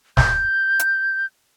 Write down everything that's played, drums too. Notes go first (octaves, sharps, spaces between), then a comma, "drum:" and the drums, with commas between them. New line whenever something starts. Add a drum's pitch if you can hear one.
G6, drum: snare
drum: hi-hat